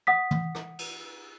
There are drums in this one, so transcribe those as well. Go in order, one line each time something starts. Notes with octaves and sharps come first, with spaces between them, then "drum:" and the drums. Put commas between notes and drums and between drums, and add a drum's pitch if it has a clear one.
F#5 D#6 B6
drum: tom
drum: rim click
drum: cymbal